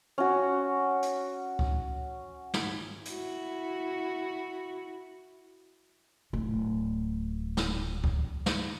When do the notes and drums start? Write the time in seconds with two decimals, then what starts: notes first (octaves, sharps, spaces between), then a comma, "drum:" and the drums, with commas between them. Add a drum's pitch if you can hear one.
0.18 C#4 F#4
1.02 drum: hi-hat
1.59 drum: kick C#2
2.54 drum: snare
3.05 E4 F#4, drum: hi-hat
6.33 D1 A2
7.57 drum: snare
8.04 drum: kick C#2
8.46 drum: snare